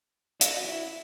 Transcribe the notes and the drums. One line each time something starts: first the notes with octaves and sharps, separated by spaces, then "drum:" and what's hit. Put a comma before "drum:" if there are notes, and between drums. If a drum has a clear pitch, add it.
F#4, drum: hi-hat
E4